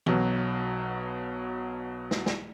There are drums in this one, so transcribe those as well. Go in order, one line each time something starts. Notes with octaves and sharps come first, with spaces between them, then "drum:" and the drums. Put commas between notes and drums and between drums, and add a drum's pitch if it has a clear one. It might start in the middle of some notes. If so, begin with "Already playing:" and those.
B1 B2 F#3 B3, drum: tom E3
drum: snare
drum: snare